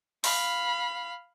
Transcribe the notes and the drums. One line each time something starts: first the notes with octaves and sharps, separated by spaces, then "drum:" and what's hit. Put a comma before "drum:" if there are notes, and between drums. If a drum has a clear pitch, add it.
F5 B5, drum: open hi-hat